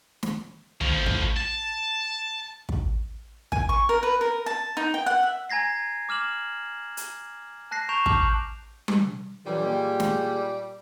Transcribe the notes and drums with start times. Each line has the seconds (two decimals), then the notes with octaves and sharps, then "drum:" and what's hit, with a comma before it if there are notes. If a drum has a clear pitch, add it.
0.23 drum: snare
0.81 A2 F3, drum: tom
1.06 drum: kick
1.36 A5
2.69 drum: kick
3.52 G#5, drum: kick
3.69 C#6
3.89 A#4
4.03 B4
4.21 A#4
4.46 A5
4.77 D#4
4.94 G5
5.06 F#5
5.23 E5
5.50 G#5 A#5 G#6 A#6 C7
6.09 D6 F6 E7 F#7
6.97 drum: hi-hat
7.71 A5 F#6 A#6 C7
7.89 A#5 C#6 G6 D7 E7 F7
8.06 A5 D6 F6 G6 C7 F#7, drum: kick
8.88 drum: tom G3
9.46 A#2 D3 E3 F#3 G3
9.64 G#3 A#3 G5
10.00 drum: snare